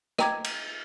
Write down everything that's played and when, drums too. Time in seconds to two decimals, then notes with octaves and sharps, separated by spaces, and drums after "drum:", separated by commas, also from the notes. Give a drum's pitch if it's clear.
0.19 D#5 G5 A#5 D6 G#6, drum: rim click
0.44 drum: cymbal